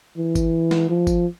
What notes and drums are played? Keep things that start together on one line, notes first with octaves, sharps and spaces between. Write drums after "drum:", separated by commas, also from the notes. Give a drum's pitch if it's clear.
E3
drum: kick, tambourine
drum: snare
F3
drum: kick, tambourine